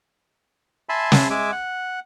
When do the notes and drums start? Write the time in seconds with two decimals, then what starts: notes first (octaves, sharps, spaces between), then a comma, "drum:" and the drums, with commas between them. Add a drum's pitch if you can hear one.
0.89 E5 G#5 A5 B5 C6
1.12 drum: snare
1.30 G#3 E5 G#5 D6
1.52 F#5